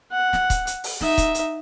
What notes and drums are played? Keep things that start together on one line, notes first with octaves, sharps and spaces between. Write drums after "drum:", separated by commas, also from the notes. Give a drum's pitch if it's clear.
F#5
drum: snare
drum: kick, hi-hat
drum: hi-hat
drum: open hi-hat
D#4 E5, drum: snare
drum: kick, hi-hat
drum: hi-hat